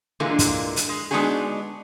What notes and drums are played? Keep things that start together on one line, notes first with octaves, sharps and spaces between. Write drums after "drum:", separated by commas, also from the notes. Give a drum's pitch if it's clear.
A#2 D3 E3 G#3 A#3
drum: kick, hi-hat
drum: hi-hat
G#3
G#3 B3 D4 D#4 F#4 G#4